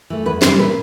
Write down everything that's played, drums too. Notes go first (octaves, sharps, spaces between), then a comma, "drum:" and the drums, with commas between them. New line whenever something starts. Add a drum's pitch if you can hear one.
E3 A3
E2 B4
C#3 E3 G3 C5, drum: snare
A#2 B4